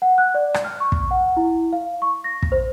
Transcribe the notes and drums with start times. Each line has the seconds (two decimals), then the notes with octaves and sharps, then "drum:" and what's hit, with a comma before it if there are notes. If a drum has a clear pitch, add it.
0.02 F#5
0.18 F#6
0.35 D5
0.54 drum: rim click
0.64 F6
0.80 C#6
0.92 drum: kick
1.11 F#5
1.37 E4
1.73 F5
2.02 C#6
2.24 A#6
2.42 drum: kick
2.52 C5